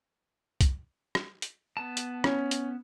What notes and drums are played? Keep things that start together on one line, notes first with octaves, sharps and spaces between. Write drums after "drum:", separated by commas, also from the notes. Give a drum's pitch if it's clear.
drum: kick, hi-hat
drum: rim click
drum: hi-hat
B3 A5
drum: hi-hat
C#4, drum: rim click
drum: hi-hat